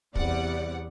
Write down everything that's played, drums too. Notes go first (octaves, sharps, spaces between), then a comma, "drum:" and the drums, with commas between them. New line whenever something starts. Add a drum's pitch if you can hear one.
E2 C3 G3 D5 F#5, drum: kick